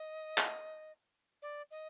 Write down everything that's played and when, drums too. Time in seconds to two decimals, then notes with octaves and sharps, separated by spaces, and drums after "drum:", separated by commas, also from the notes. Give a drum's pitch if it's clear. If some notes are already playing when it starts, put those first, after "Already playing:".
Already playing: D#5
0.38 drum: clap
1.42 D5
1.71 D#5